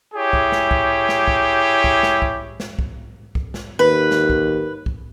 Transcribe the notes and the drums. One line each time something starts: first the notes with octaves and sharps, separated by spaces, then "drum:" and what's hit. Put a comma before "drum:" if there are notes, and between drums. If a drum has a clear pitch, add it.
E4 G4 G#4 C#5
drum: kick C2
drum: snare
drum: kick C2
drum: snare
drum: kick C2
drum: kick C2
drum: snare
drum: kick C2
drum: snare
drum: kick C2
drum: kick C2
drum: snare
D#2 B4
drum: snare
drum: kick C2
drum: kick C2